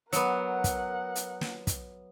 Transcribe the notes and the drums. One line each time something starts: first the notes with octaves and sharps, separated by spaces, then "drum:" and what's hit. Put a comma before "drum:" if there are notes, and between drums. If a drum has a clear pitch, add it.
F#3 B3 A#4 F#5, drum: hi-hat
drum: kick, hi-hat
drum: hi-hat
drum: snare
drum: kick, hi-hat